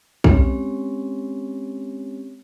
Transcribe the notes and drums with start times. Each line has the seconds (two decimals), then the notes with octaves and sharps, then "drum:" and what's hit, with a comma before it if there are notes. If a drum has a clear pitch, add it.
0.24 G#3 C4 C#4 G4 C#5, drum: kick B1